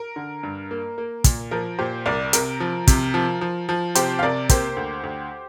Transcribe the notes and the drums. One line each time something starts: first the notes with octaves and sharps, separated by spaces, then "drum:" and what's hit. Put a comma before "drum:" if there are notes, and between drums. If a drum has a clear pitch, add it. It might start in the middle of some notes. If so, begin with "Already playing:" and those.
Already playing: A#4
D3
G2
A#3
A#3
A#2, drum: kick, hi-hat
F3 A#4
A#2 G4 C5
C2 A#4 D5
C3 A#4, drum: hi-hat
F3
C3, drum: kick, hi-hat
F3
F3
F3
C3 G4 C5, drum: hi-hat
F5
C3 A#4 D5
A#3 G4 C5, drum: kick, hi-hat
D2
D2